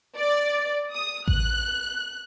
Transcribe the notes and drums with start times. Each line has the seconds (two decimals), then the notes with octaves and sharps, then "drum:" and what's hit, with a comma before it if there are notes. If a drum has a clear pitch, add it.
0.17 D5
0.92 D#6
1.28 F#6, drum: kick A1